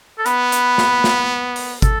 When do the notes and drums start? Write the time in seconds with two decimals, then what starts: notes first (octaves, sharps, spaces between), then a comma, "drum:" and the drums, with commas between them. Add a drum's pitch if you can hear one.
0.18 A4
0.26 B3 B4, drum: hi-hat
0.52 drum: hi-hat
0.78 drum: snare
1.04 drum: snare
1.56 drum: open hi-hat
1.82 A4, drum: kick, hi-hat